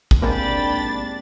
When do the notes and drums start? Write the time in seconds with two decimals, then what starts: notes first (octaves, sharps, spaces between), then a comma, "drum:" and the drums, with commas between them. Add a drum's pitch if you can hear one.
0.11 drum: kick
0.22 G#2 C3 G#3 A#3 D4 G5 B5 A6